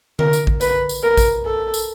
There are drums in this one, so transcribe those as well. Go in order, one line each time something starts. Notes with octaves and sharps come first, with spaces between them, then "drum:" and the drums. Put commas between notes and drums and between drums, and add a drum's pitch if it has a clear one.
A#4, drum: tom D3
drum: tambourine
drum: kick A1
B4, drum: tambourine
drum: tambourine
A#4
drum: kick A1, tambourine
A4
drum: tambourine